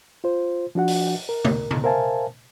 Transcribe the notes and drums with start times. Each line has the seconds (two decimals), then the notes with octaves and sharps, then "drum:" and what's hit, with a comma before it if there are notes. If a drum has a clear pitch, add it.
0.24 F4 C5
0.75 F3 D4 F#4 F#5
0.88 drum: open hi-hat
1.29 A#4
1.45 drum: tom C3
1.71 drum: tom C3
1.84 A#4 C5 E5 F5 G#5 A5